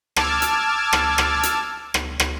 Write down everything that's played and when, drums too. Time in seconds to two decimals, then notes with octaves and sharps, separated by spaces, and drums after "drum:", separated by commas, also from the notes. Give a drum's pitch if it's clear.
0.16 A5 D6 E6 F6 G#6, drum: rim click
0.42 drum: hi-hat
0.93 drum: rim click
1.18 drum: rim click
1.43 drum: hi-hat
1.94 drum: rim click
2.20 drum: rim click